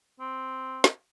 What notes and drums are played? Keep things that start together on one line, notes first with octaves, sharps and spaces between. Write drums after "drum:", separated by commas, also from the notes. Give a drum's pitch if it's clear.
C4
drum: snare